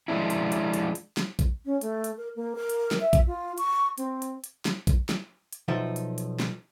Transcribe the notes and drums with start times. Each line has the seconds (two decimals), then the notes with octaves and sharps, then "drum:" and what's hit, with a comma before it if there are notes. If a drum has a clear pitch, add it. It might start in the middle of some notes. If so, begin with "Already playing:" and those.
0.08 F3 G#3 B3 D4 E4
0.30 drum: hi-hat
0.52 drum: hi-hat
0.74 drum: hi-hat
0.95 drum: hi-hat
1.17 drum: snare
1.39 drum: kick A#1, hi-hat
1.65 C#4
1.81 A3, drum: hi-hat
2.04 drum: hi-hat
2.17 A#4
2.36 A#3
2.55 A#4
2.69 drum: hi-hat
2.91 drum: snare
3.00 E5
3.13 drum: kick A#1, hi-hat
3.27 F4
3.58 C#6, drum: hi-hat
3.98 C4, drum: hi-hat
4.22 drum: hi-hat
4.44 drum: hi-hat
4.65 drum: snare
4.87 drum: kick A#1, hi-hat
5.09 drum: snare
5.53 drum: hi-hat
5.68 B1 F3 D#4 E5
5.96 drum: hi-hat
6.18 drum: hi-hat
6.40 drum: snare